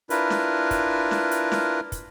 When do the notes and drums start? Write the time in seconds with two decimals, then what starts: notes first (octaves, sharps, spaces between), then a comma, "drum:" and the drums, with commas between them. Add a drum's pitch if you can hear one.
0.10 D4 E4 F4 A#4 B4, drum: hi-hat
0.30 drum: snare
0.71 drum: kick, hi-hat
1.11 drum: snare
1.31 drum: hi-hat
1.52 drum: snare
1.92 drum: kick, hi-hat